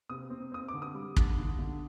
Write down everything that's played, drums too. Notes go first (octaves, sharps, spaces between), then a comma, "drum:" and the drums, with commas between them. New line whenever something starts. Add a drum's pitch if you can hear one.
C3 D#6
C4
C4 D#6
D6
D3
D#6
G3
D3, drum: kick
D3
D3